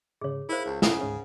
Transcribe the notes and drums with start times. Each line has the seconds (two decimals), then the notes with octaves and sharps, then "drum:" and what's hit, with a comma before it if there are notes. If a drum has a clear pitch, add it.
0.21 G#2 C#3 G#4 C#5
0.49 E4 G#4 A#4 C5 F5
0.66 C#2
0.82 F2 C#3 C#5 E5 F#5 D#6, drum: snare
1.01 D2 G#2 C#4